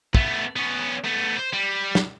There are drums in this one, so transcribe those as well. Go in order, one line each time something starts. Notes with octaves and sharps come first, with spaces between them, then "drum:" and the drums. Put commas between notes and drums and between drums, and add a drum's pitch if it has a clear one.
A3 B3, drum: kick
B3 C#4
A3 B3
C5
G3
drum: snare